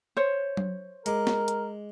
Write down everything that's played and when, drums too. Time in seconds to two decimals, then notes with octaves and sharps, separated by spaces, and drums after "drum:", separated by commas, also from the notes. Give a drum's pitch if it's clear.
0.17 C5 C#5
0.57 drum: tom F#3
1.06 G#3 A#4 D6, drum: hi-hat
1.27 drum: snare
1.48 drum: hi-hat